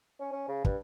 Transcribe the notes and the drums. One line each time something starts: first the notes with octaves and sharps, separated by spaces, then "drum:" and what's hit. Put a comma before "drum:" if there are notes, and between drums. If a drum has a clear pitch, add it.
C#4
C#4
C#3
G2, drum: kick